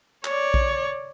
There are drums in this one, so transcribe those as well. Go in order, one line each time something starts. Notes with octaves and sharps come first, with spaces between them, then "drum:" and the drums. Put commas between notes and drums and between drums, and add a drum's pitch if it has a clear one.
C#5 D5, drum: clap
drum: kick A#1